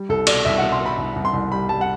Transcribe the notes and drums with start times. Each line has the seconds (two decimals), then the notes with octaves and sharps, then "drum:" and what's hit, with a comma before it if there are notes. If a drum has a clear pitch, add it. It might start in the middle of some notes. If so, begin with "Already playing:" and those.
Already playing: G3
0.09 C2 A4
0.27 B2 D5, drum: cymbal
0.45 C2 E5
0.58 F#5
0.62 B2
0.72 C6
0.81 B2 B5
0.98 C2
1.16 C2
1.25 C6
1.33 C2
1.52 G3 B5
1.69 G3 A5
1.81 F#5